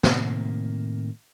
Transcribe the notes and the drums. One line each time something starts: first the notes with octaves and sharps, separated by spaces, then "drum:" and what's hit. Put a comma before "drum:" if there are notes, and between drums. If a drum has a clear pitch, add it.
A2 C3 D#3 A#3, drum: snare